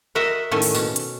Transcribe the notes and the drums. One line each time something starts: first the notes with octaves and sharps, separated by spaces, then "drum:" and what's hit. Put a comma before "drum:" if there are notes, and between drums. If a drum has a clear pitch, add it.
F#4 A#4 D#5 E5 F#5
A2 D#3 C#4 A4 G#5 A5
drum: open hi-hat
B2 C#4, drum: tambourine
drum: hi-hat